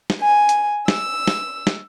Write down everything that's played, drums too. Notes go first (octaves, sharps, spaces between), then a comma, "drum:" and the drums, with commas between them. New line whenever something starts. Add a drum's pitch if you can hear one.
drum: snare
G#5
drum: hi-hat
E6, drum: snare
drum: snare
drum: snare